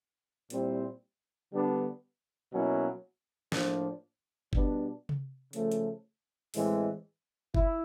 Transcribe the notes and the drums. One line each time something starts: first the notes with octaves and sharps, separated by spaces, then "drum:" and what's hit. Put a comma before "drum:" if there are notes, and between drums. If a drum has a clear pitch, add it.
A#2 G3 C4 E4, drum: hi-hat
D3 G3 B3 D4
B2 F#3 A#3 C#4 E4
A2 F3 A#3 D4, drum: snare
B2 G3 B3 D4, drum: kick F#1
drum: tom C3
C#3 F3 A3, drum: hi-hat
drum: hi-hat
A2 E3 G#3 C4, drum: open hi-hat
E4, drum: kick F#1